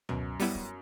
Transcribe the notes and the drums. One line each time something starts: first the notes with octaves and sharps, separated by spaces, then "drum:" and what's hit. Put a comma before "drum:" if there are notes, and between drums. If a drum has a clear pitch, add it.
F#2 B2, drum: tom C#2
G3 B3 E4, drum: open hi-hat
drum: kick